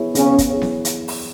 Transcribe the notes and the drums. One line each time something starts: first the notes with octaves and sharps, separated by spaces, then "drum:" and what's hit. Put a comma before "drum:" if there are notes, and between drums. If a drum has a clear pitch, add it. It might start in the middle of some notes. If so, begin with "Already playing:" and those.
Already playing: B3 E4 G#4 C#5
C#3 B3 C#4, drum: hi-hat
drum: kick, hi-hat
E4 G#4 C#5
drum: snare B3
drum: hi-hat
drum: open hi-hat